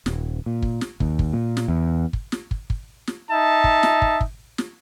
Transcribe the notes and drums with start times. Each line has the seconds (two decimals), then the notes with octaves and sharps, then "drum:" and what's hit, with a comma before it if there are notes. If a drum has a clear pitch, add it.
0.06 D#1, drum: snare
0.46 A#2
0.62 drum: kick
0.81 drum: snare
1.00 D#2, drum: kick
1.19 drum: kick
1.33 A#2
1.57 drum: snare
1.68 E2
2.13 drum: kick
2.32 drum: snare
2.51 drum: kick
2.70 drum: kick
3.07 drum: snare
3.30 D#4 E5 A5
3.64 drum: kick
3.83 drum: snare
4.02 drum: kick
4.21 drum: kick
4.58 drum: snare